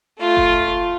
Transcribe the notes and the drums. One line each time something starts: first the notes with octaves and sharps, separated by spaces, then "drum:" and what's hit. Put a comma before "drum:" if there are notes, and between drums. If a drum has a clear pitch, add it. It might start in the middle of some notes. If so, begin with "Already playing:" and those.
A3 F4
drum: kick F#1